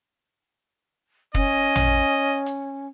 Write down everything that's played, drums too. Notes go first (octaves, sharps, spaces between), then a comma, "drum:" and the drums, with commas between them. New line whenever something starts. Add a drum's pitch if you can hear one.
C#4 D#5, drum: kick
drum: tom A1
drum: hi-hat